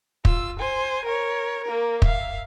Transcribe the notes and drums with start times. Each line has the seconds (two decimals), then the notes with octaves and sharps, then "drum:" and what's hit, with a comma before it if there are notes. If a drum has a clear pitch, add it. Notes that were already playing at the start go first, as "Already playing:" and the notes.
0.25 F4 E6, drum: kick
0.59 C5 G#5
1.05 A#4 C#5
1.64 A#3 A#4
2.02 E5 F5, drum: kick